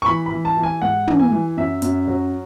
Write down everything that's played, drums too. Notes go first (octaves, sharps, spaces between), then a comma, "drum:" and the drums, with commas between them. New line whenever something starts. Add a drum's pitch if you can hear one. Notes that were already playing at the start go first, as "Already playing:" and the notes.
C#6
E3 B5
B5
E3
A5
E3
G#5
G#2 F#5
E3, drum: tom
G#5
E3
F#2 E5
F#2, drum: hi-hat
F#3